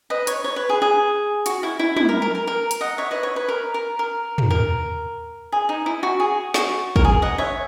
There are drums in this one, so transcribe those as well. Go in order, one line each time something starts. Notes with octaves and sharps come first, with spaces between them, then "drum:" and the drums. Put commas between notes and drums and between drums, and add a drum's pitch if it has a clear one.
B4 D#5
C#5, drum: hi-hat
C#5
B4
G#4
G#4
F#4, drum: hi-hat
E4
E4
E4, drum: tom
A#4
A#4
A#4
A#4
drum: hi-hat
D#5 F#5
C#5 E5
B4 D#5
C#5
B4
A#4
A#4
A#4
drum: tom
A#4
G#4
D#4
E4
F#4
G#4
F#4, drum: snare
A#4, drum: kick
G#4
D#5 F#5
C#5 E5